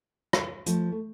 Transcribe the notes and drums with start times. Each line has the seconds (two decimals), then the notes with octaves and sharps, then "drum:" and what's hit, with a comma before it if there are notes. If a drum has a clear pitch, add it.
0.33 drum: rim click
0.66 F3 A3, drum: hi-hat
0.92 A3